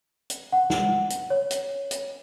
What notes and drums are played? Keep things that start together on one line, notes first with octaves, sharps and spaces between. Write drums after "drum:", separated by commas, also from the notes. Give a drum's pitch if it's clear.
drum: hi-hat
F#5
drum: snare
drum: hi-hat
C#5
drum: hi-hat
drum: hi-hat